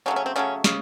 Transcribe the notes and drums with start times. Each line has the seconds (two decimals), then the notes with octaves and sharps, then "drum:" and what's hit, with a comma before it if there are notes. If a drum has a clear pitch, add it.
0.06 C#3 F#3 A3 C#4
0.16 C#4
0.26 C4
0.36 C#3 F#3 A3 C#4
0.64 C#3, drum: snare